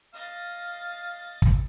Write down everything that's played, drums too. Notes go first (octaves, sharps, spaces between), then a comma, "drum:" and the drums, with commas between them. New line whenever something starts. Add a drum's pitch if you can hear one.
D#5 F5 A6
drum: kick